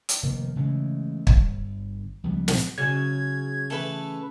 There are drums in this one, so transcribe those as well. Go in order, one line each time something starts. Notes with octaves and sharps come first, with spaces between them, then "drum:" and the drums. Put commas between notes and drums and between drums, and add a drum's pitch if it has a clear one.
drum: hi-hat
F1 D#3 A#3
C#3 E3 G#3 A3
G1, drum: kick
C#2 F3 G3 B3
drum: snare
C#3 F#3 G#6
E3 A3 A4 B4